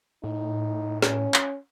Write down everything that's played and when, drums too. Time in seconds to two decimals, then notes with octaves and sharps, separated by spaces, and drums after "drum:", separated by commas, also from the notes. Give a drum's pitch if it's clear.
0.24 A2 D#4
1.02 C#4, drum: snare
1.34 drum: clap